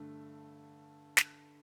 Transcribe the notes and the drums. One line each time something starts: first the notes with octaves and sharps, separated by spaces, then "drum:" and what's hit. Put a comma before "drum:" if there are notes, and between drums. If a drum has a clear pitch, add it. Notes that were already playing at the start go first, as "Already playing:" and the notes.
Already playing: G2 D3 A3
drum: snare